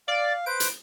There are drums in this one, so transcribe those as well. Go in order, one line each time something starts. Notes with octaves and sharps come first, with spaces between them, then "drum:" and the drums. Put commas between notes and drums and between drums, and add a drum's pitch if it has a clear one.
D5 F5
B4 C5 D7
drum: hi-hat